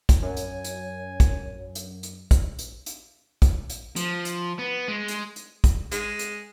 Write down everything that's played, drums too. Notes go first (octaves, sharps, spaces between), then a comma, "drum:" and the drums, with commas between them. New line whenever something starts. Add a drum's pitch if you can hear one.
drum: kick, hi-hat
F#2 C#5 G#5
drum: hi-hat
drum: hi-hat
drum: kick, hi-hat
drum: hi-hat
drum: hi-hat
drum: kick, hi-hat
drum: hi-hat
drum: hi-hat
drum: kick, hi-hat
drum: hi-hat
F3, drum: hi-hat
drum: hi-hat
B3
G#3
drum: hi-hat
drum: hi-hat
drum: kick, hi-hat
G#3, drum: hi-hat
drum: hi-hat